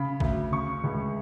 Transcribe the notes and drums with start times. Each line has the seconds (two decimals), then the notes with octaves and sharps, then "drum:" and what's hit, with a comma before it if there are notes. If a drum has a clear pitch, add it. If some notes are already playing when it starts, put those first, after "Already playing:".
Already playing: C#3 B5
0.20 D2, drum: kick A1
0.52 C#3 C#6
0.84 C#2